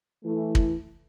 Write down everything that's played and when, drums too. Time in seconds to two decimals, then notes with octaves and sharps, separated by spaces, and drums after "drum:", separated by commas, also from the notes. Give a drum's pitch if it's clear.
0.24 E3 A3 E4
0.55 drum: kick